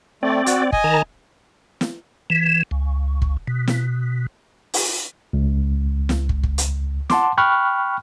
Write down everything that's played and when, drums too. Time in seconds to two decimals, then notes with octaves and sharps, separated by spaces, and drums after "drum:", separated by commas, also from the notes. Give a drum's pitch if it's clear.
0.23 A3 C4 D5
0.46 F#4, drum: hi-hat
0.72 D#5 G#5, drum: kick
0.84 D#3 A5 A#5
1.81 drum: snare
2.30 E3
2.71 C#2
3.22 drum: kick
3.48 B2
3.68 drum: snare
4.74 drum: open hi-hat
5.33 C#2
6.09 drum: snare
6.29 drum: kick
6.43 drum: kick
6.58 drum: hi-hat
7.10 F#5 A5 C6 D6, drum: snare
7.38 G5 B5 C#6 F6 F#6